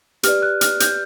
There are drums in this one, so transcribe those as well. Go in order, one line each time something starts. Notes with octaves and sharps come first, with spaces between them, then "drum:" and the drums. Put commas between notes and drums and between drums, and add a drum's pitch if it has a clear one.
G4 B4 D5 F6, drum: hi-hat
F#6
F6, drum: hi-hat
G6, drum: hi-hat